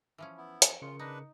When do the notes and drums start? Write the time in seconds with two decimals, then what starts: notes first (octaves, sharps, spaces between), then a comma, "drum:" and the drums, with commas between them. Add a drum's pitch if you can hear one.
0.18 E3 F3 C#4
0.38 B3 E4
0.62 drum: hi-hat
0.82 C#3 F4 A#4 C#7
0.99 D4 D#4 B4